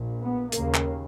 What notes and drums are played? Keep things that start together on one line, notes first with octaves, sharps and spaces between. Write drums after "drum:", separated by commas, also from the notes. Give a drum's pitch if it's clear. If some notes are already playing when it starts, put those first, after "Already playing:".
Already playing: A#1 A#2
B3
D#2 C#3 A#3, drum: hi-hat
drum: clap